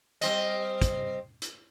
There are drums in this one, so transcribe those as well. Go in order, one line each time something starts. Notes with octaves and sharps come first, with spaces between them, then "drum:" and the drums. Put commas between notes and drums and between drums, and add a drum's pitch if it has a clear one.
G3 C4 D#5, drum: hi-hat
drum: kick, hi-hat
drum: hi-hat